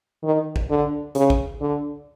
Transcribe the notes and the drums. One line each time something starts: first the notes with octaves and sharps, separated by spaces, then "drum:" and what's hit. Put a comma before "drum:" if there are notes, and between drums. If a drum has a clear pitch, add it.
D#3
drum: kick G#1
D3
C#3, drum: hi-hat
drum: kick G#1
D3